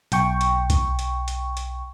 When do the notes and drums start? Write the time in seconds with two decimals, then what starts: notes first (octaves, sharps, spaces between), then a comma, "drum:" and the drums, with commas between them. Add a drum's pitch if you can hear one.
0.12 B1 G5 C#6, drum: hi-hat
0.41 drum: hi-hat
0.70 drum: kick C2, hi-hat
0.99 drum: hi-hat
1.28 drum: hi-hat
1.57 drum: hi-hat